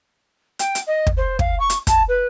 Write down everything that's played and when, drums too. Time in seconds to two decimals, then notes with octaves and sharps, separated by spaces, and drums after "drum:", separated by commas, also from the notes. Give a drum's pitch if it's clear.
0.59 G5, drum: hi-hat
0.75 drum: hi-hat
0.86 D#5
1.07 drum: kick
1.16 C5
1.39 F5, drum: kick
1.59 C#6
1.70 drum: hi-hat
1.87 A5, drum: kick, hi-hat
2.08 B4